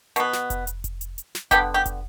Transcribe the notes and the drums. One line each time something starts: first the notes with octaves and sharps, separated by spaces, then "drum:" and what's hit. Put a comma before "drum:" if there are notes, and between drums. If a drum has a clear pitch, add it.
B2 B3, drum: hi-hat
drum: snare
drum: kick F1, hi-hat
drum: hi-hat
drum: kick F1, hi-hat
drum: hi-hat
drum: hi-hat
drum: snare
D3 G3 B3 G4, drum: kick F1, hi-hat
G4
drum: kick F1, hi-hat